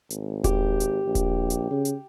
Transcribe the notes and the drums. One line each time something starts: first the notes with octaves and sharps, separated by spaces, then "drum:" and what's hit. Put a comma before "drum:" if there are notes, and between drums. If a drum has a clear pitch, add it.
G#1, drum: hi-hat
G4, drum: kick D#1, hi-hat
drum: hi-hat
A#1
drum: kick D#1, hi-hat
drum: hi-hat
C#3
drum: hi-hat